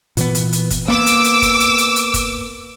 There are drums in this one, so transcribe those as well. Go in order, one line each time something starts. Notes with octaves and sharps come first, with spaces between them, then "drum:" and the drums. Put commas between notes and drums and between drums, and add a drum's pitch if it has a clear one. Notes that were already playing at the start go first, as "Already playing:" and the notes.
A#2 E3 B3, drum: hi-hat
drum: hi-hat
drum: hi-hat
drum: kick, hi-hat
A#3 B3 D6 E6
drum: hi-hat
drum: hi-hat
drum: kick, hi-hat
drum: hi-hat
drum: hi-hat
drum: hi-hat
drum: kick, hi-hat